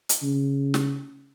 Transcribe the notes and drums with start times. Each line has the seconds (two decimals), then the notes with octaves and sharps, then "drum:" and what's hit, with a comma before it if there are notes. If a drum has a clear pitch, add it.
0.09 drum: hi-hat
0.23 C#3
0.74 drum: snare